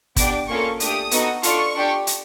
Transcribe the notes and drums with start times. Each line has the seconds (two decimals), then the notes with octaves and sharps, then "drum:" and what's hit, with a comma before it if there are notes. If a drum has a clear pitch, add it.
0.16 B3 D4 G4 D6, drum: kick, hi-hat
0.48 A#3 C#4 F4 A4 C#6
0.80 A3 D4 G4 D#6, drum: hi-hat
1.11 B3 D#4 F#4 A4, drum: hi-hat
1.43 D4 F4 A4 C#6, drum: hi-hat
1.75 D4 G4
2.07 drum: hi-hat